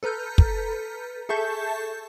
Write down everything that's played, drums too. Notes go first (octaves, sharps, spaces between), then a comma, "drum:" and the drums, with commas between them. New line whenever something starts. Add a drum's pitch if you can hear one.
A4 B4 A#5 F6 G6
drum: kick
G#4 A4 E5 A5 C#6 G6